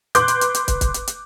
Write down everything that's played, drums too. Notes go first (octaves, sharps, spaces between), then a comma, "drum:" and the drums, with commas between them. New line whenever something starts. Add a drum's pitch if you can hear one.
B4 C6 D6 F#6 G6, drum: hi-hat
drum: hi-hat
drum: hi-hat
drum: hi-hat
drum: kick, hi-hat
drum: kick, hi-hat
drum: hi-hat
drum: hi-hat